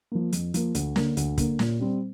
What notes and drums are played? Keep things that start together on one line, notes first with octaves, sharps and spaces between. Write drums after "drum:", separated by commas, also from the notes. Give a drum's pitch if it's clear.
F3 A#3
F2, drum: hi-hat
F3 A#3, drum: hi-hat
D2, drum: hi-hat
D3 A#3, drum: snare
D2, drum: hi-hat
D3 A#3, drum: kick, hi-hat
A#2, drum: snare
G3 C4